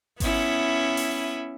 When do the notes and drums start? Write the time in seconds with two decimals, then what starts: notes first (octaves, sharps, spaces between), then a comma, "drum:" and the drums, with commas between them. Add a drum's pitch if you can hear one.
0.20 B3 C#4 E4, drum: kick G#1, open hi-hat
0.97 drum: open hi-hat